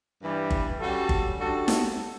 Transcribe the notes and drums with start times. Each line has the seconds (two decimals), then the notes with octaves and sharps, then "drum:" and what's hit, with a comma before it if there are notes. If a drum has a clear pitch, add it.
0.21 G2 E3 G3
0.50 drum: kick G1
0.80 G3 C#4 F#4 A4
1.09 drum: kick G1
1.38 G3 D4 F#4 A4
1.68 drum: snare